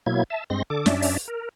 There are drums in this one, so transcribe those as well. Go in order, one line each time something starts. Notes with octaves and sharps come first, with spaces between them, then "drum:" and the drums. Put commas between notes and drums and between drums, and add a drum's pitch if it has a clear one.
B2 F#3 A#3 E4 G#6
E5 A5
G2 G#3 C4 C6 A#6
D3 A4 D6
F#2 C#4 D4 D5 E5, drum: snare
drum: open hi-hat
A#4